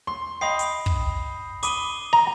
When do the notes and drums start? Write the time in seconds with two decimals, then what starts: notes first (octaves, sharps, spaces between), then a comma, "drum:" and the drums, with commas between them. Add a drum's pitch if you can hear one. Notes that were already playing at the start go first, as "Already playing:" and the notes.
0.07 C6
0.41 D#5 G5 B5 D#6 C7
0.59 drum: hi-hat
0.86 drum: kick
1.63 B5 D6 D#6 D#7 G7, drum: hi-hat
2.13 A#5